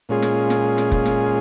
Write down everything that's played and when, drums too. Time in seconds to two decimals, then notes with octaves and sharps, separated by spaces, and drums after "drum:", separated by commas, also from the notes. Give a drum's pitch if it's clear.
0.09 A#2 G#3 C#4 F4 G#4
0.22 drum: snare
0.50 drum: snare
0.78 drum: snare
0.92 drum: kick F1
1.06 drum: snare